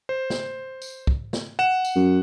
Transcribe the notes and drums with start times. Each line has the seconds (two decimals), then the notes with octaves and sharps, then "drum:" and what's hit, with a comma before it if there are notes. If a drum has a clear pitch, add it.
0.09 C5
0.30 drum: snare
0.82 drum: tambourine
1.07 drum: kick
1.33 drum: snare
1.59 F#5 E7
1.85 drum: tambourine
1.95 F#2